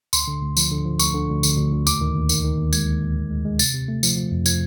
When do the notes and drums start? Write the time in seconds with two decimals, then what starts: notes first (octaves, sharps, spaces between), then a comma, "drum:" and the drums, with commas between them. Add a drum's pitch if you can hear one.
0.13 D2 C6, drum: tambourine
0.28 D3
0.42 D2
0.57 F3, drum: tambourine
0.71 D3
0.85 F3
0.99 D2 C#6, drum: tambourine
1.14 D3
1.29 D2
1.43 D2, drum: tambourine
1.57 D2
1.72 D2
1.87 D#2 D6, drum: tambourine
2.01 D#3
2.16 D#2
2.29 D#3, drum: tambourine
2.44 D#3
2.58 D#2
2.73 G#3 G#6, drum: tambourine
2.87 D#2
3.02 D#2
3.16 D#2
3.30 G#3
3.45 G#3
3.59 C3 A6, drum: tambourine
3.74 C3
3.88 A3
4.03 F3, drum: tambourine
4.17 F3
4.32 F2
4.46 F3 G#6, drum: tambourine